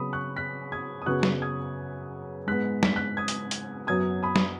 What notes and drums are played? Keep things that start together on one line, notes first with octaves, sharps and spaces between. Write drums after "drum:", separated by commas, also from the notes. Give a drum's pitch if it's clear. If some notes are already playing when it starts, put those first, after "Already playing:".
Already playing: C#3 F#3 B3 B5 D#6
C#6 F#6
F#6 B6
D#6 G#6
D#6
F#2 C#3 F#3 B3 C#6 F#6
drum: snare
D#6 G#6
G#2 G#3 B3 F#6 B6
B6, drum: snare
F#6 B6
D#6 G#6
drum: hi-hat
drum: hi-hat
F#2 F#3 B3 D#6 G#6
B5 D#6
drum: snare